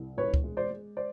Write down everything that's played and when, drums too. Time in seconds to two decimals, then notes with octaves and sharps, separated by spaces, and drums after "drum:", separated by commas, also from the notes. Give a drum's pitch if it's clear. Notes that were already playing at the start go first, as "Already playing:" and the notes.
Already playing: C2
0.17 E1 B4 C#5
0.34 drum: kick C#2
0.44 G#3
0.57 C5 D5
0.71 G#3
0.97 C5 D5